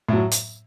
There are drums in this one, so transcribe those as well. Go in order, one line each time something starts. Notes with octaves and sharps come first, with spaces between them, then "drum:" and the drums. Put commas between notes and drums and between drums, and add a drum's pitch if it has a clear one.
A2 F#3
drum: hi-hat